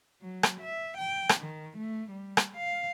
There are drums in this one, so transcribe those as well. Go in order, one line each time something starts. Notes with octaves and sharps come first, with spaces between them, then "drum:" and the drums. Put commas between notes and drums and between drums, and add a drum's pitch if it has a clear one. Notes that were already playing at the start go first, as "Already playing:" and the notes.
F#3
drum: rim click
E5
G5
drum: rim click
D#3
A3
G3
drum: rim click
F5